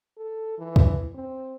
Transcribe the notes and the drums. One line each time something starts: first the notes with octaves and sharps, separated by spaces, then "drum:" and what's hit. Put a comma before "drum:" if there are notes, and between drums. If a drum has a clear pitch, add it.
A4
E3
drum: kick
C4